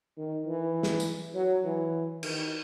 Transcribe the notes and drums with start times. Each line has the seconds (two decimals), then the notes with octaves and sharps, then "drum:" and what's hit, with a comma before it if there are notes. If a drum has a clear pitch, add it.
0.17 D#3
0.46 E3
0.83 drum: snare
1.00 drum: tambourine
1.34 F#3
1.64 E3
2.23 D#3, drum: cymbal